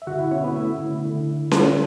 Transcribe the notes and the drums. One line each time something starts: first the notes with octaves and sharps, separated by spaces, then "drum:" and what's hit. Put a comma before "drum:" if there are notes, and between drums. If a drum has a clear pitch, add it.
E5
D3 F#4 F#5
E4 E5
B3 C#4 C#5
B3 B4
A3 E4 E5
D3
D3
drum: snare C#4